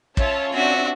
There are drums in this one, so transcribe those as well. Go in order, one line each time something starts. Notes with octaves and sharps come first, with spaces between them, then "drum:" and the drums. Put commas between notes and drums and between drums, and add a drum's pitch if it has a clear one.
C#4 F4 C#5 E5 A5, drum: kick
C4 D4 F#4 E5